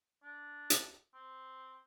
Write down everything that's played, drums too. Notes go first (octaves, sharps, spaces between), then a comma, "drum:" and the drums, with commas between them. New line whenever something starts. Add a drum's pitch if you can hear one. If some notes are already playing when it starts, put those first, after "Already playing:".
D4
drum: hi-hat
C4